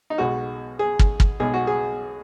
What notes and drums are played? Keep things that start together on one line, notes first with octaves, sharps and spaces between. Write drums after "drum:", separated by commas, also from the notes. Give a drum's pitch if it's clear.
D#4
B1 B2 G#3 F#4
G#4
drum: kick
drum: kick
B1 B2 G#3 G#4
F#4
G#4